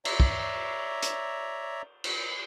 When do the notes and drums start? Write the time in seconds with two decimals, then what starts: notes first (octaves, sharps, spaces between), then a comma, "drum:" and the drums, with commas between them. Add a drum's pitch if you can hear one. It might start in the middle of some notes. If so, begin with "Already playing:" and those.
0.05 C#5 D5 E5 A#5, drum: cymbal
0.20 drum: kick
1.03 drum: hi-hat
2.04 drum: cymbal